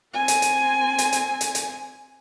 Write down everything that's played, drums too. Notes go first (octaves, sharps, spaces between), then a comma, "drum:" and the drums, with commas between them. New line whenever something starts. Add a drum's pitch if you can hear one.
C4 G#5
drum: hi-hat
drum: hi-hat
drum: hi-hat
drum: hi-hat
drum: hi-hat
drum: hi-hat